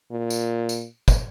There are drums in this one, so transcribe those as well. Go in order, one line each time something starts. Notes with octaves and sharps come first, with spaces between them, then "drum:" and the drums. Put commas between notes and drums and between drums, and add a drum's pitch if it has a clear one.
A#2
drum: tambourine
drum: tambourine
drum: kick, tambourine